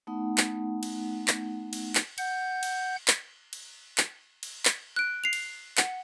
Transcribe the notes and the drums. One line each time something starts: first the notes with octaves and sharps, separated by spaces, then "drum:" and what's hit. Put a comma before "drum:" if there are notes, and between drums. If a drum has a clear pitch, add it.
A3 B3 D#4 F#5
drum: clap
drum: cymbal
drum: clap
drum: cymbal
drum: clap
F#5 G6, drum: cymbal
drum: cymbal
drum: clap
drum: cymbal
drum: clap
drum: cymbal
drum: clap
F#6 D7
C7 F7
drum: cymbal
F#5, drum: clap